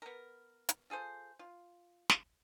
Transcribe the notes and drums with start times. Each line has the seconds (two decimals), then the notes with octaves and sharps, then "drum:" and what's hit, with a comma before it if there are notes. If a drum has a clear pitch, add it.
0.02 B3 A#4
0.69 drum: hi-hat
0.90 F4 G#4 A4 C5
1.39 F4
2.10 drum: snare